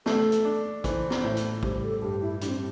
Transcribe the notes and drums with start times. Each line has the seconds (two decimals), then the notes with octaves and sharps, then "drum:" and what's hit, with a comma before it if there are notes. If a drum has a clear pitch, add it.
0.06 A3 A4, drum: snare
0.32 drum: hi-hat
0.45 D4
0.84 E3 C5, drum: kick, hi-hat
1.10 drum: snare
1.24 A2
1.37 drum: hi-hat
1.63 G3 C5, drum: kick
1.82 A4
2.02 G2 G4
2.22 E4
2.41 G3 D4, drum: hi-hat
2.48 C4